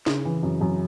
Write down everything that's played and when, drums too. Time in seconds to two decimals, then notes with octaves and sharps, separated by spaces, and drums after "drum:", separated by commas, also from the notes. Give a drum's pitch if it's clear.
0.06 C#3, drum: snare
0.25 E3
0.43 F#2
0.61 F#2